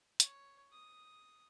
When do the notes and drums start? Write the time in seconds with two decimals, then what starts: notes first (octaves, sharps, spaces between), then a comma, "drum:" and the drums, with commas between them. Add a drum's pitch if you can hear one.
0.20 C#5, drum: hi-hat
0.72 D#6